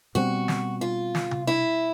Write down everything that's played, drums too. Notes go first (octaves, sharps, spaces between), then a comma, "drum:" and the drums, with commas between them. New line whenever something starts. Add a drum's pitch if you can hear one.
B2 G3 C4 F#4
drum: snare
F4
drum: snare
drum: tom C3
E4